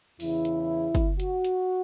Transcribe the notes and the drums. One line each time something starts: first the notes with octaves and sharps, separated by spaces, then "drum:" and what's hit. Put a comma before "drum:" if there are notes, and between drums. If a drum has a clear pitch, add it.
E2 C#3 E3 E4, drum: open hi-hat
drum: hi-hat
drum: kick, hi-hat
F#4, drum: hi-hat
drum: hi-hat